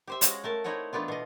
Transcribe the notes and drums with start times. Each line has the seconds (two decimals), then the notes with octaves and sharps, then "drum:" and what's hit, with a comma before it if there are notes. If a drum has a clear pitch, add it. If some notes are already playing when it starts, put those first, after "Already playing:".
0.07 G4 C5 E5
0.21 G#3 C#4 F#4 D#5 F5, drum: hi-hat
0.44 A3 A#4 A5
0.64 C4 D#4 E4 C#5 D#5 F#5
0.93 E3 A3 B3 D4 F4
1.08 B2 D#5